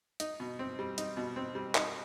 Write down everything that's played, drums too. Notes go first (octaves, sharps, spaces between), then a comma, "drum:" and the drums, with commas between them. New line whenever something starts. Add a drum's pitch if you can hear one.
D#4, drum: hi-hat
B2
C4
G3
D#4, drum: hi-hat
B2
C4
G3
D#4, drum: clap